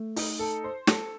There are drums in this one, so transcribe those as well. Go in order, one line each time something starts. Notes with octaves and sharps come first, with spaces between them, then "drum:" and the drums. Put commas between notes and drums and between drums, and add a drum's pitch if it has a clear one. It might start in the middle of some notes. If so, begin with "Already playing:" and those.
Already playing: A3
D#4, drum: open hi-hat
A4
C5
A4, drum: snare